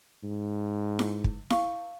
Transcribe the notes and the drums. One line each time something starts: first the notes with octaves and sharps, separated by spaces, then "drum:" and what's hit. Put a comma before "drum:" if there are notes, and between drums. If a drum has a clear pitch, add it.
G#2
drum: snare E4
drum: kick
F5 C#6, drum: snare E4